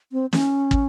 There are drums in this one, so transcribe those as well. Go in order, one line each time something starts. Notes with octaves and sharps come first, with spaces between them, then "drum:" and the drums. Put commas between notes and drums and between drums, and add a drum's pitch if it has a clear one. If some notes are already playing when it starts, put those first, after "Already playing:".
C4
C#4, drum: snare
drum: kick